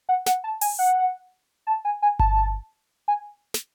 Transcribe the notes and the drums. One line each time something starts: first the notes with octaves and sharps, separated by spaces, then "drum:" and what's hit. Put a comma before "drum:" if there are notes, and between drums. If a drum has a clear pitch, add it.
F#5
F#5, drum: snare
A5
G#5, drum: open hi-hat
F#5
A5
G#5
G#5
A5, drum: kick G1
G#5
drum: snare